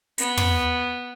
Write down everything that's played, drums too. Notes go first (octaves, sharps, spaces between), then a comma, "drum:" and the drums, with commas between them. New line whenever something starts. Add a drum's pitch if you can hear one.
B3, drum: hi-hat
drum: tom